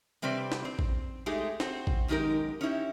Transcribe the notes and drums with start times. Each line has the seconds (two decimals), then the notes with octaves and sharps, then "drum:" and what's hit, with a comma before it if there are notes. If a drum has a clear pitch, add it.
0.22 C3 G3 C4 B4 D5
0.52 drum: snare
0.65 C4
0.79 drum: kick A1
1.26 G#3 A3 D#4 G4 G#4
1.60 C4 F#4, drum: snare
1.87 drum: kick A1
2.08 F#2 D#3 G#3 D#4 G4 A#4
2.61 C#4 D#4 E4 G4